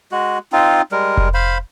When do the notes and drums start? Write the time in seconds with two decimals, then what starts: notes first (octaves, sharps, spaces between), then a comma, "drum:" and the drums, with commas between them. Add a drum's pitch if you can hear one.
0.12 G#3 F#4
0.52 C4 D#4 F4
0.92 G3 G#3 A#4
1.17 drum: kick F1
1.34 C5 F5 B5